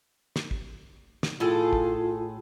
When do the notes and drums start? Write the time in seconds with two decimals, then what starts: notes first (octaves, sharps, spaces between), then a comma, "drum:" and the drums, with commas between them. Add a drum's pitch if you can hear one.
0.36 drum: snare
0.51 drum: kick
1.23 drum: snare
1.40 A2 F4 G#4 A4
1.73 drum: kick